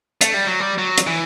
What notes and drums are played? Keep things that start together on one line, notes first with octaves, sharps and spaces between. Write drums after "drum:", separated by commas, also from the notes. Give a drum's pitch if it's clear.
A3, drum: hi-hat
G3
F#3
G3
F#3
drum: hi-hat
E3